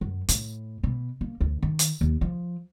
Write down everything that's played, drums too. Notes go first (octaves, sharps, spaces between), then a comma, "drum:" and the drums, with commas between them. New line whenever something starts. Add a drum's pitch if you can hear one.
F#2
A2, drum: hi-hat
B2
A#3
D2
D#3
drum: hi-hat
D#2
F3